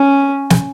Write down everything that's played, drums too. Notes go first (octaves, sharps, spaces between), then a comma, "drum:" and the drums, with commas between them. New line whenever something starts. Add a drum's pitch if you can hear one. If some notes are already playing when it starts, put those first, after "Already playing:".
Already playing: C#4
drum: snare